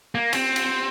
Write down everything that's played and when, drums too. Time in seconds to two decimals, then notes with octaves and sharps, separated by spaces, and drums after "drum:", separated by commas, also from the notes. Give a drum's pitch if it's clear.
0.15 A#3
0.33 C4, drum: cymbal
0.56 drum: cymbal